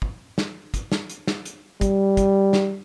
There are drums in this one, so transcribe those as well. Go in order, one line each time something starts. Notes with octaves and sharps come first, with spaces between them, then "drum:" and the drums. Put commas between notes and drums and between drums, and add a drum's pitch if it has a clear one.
drum: kick
drum: snare
drum: kick, hi-hat
drum: snare
drum: hi-hat
drum: snare
drum: hi-hat
G3, drum: kick, hi-hat
drum: kick, hi-hat
drum: snare